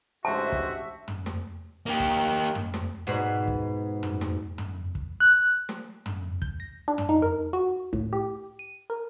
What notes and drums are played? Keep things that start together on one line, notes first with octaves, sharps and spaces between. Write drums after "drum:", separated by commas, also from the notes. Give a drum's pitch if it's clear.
A1 G#3 D4 F#4 G4 C5 E5 A5
drum: kick
drum: tom
drum: snare
A#3 G4
drum: kick
drum: tom
drum: snare
G#2 B2 F#4
drum: kick
drum: tom
drum: snare
drum: tom
drum: kick
F#6
drum: snare
drum: tom
G6, drum: kick
A#6
D4
drum: tom
D#4
A#4
F#4
A2, drum: kick
G4
D#7
A#4